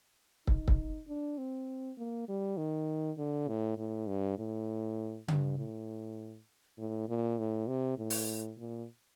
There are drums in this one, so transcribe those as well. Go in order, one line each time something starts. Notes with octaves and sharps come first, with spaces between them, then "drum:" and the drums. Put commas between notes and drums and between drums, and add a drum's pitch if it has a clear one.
D#4, drum: kick
drum: kick
D4
C4
A#3
G3
D#3
D3
A2
A2
G2
A2
G2, drum: tom C#3
A2
A2
A#2
A2
C3
A2
drum: open hi-hat
A#2